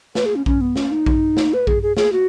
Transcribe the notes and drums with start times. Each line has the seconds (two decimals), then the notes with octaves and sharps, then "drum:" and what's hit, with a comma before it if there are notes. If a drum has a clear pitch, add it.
0.15 B4, drum: snare
0.26 G#4
0.36 C#4
0.46 C#4, drum: kick A#1
0.61 B3
0.76 C#4, drum: snare
0.91 D#4
1.06 drum: kick A#1
1.37 drum: snare
1.54 B4
1.67 G#4, drum: kick A#1
1.83 G#4
1.97 G#4, drum: snare
2.12 F#4